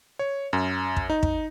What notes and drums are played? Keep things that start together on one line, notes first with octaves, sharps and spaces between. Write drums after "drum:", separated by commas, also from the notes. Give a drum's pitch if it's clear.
C#5
F#2
drum: kick
D#4
drum: kick